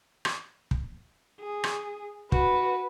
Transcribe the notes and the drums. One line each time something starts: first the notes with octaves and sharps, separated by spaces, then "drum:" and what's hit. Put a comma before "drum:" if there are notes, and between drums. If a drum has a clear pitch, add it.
drum: rim click
drum: kick
G#4
drum: rim click
F#4 B4, drum: kick